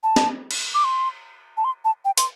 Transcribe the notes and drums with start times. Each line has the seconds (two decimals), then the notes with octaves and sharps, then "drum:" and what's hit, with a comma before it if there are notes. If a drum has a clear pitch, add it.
0.03 A5
0.16 drum: snare
0.51 drum: cymbal
0.74 D6
0.84 C6
1.57 A5
1.64 C6
1.85 A5
2.05 G5
2.17 C6, drum: hi-hat